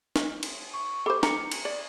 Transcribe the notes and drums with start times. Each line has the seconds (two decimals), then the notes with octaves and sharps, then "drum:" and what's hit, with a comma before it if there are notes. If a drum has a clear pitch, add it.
0.16 drum: snare
0.43 drum: cymbal
0.74 C#6
1.06 G4 A4 C5 B5 D6
1.23 A#5 C#7, drum: snare
1.51 drum: cymbal
1.65 D5